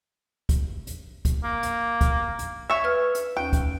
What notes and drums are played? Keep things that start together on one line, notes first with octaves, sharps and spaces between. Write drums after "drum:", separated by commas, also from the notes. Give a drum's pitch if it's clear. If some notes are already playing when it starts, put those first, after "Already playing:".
drum: kick, hi-hat
drum: hi-hat
drum: kick, hi-hat
A#3
drum: hi-hat
drum: kick, hi-hat
drum: hi-hat
C#5 E5
B4 F6
drum: hi-hat
D#2 C#4 G5
drum: kick, hi-hat